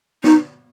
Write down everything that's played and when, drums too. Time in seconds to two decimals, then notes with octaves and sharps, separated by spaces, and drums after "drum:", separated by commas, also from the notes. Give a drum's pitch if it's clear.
0.24 D#4, drum: snare